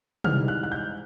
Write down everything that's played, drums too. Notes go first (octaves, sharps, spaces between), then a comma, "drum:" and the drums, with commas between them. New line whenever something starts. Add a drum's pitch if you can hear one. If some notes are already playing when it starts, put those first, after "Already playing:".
G#2 E3 G3 F6, drum: tom
F#6
F#6
G6